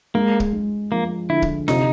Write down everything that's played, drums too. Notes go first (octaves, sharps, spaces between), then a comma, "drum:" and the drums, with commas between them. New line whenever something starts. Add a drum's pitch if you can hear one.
G#3 A#3
drum: kick
G#3
F3 A#3
D3 E4
drum: kick
C3 D#4, drum: snare F4